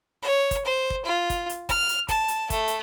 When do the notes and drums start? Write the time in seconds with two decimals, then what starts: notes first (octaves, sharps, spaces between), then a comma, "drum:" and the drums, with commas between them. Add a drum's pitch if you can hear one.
0.22 C#5
0.51 drum: kick, hi-hat
0.65 C5
0.90 drum: kick
1.04 F4
1.30 drum: kick, hi-hat
1.49 drum: hi-hat
1.69 F6, drum: kick, hi-hat
1.89 drum: hi-hat
2.08 A5, drum: kick, hi-hat
2.28 drum: hi-hat
2.50 A3, drum: kick, hi-hat
2.68 drum: hi-hat